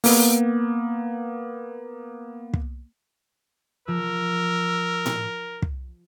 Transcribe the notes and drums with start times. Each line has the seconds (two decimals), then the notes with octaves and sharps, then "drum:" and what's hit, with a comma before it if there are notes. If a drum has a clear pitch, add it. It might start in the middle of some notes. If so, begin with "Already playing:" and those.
0.04 A#3 B3, drum: open hi-hat
2.54 drum: kick
3.88 F3 A#4 E6
5.06 drum: tom A2
5.62 drum: kick